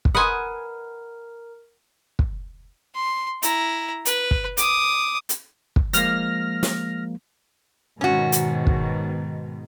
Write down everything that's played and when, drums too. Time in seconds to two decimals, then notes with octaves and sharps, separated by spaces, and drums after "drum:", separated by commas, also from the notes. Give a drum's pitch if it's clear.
0.05 drum: kick
0.15 A#4 B4 D#5 F#5 G#5 C6 D#6
2.19 drum: kick
2.95 C6
3.43 E4 A#5, drum: hi-hat
4.05 B4, drum: hi-hat
4.31 drum: kick
4.57 D6 D#6, drum: hi-hat
5.29 drum: hi-hat
5.76 drum: kick
5.93 F3 G#3 A#3 F6 A#6, drum: hi-hat
6.63 drum: snare
8.01 G#2 B2 D#3 C#4 F#4
8.32 drum: hi-hat
8.67 drum: kick